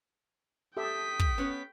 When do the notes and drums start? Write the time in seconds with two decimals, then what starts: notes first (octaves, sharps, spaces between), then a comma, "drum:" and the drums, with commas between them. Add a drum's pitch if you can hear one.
0.77 G4 A4 E5 G5 D#6 B6
1.19 drum: kick
1.38 B3 C#4 B4